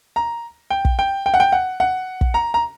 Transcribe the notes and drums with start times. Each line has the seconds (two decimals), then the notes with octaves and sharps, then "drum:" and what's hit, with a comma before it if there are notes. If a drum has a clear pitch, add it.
0.16 A#5
0.70 G5
0.85 drum: kick
0.99 G5
1.26 G5
1.34 F#5
1.40 G5
1.52 F#5
1.80 F#5
2.21 drum: kick
2.34 A#5
2.54 A#5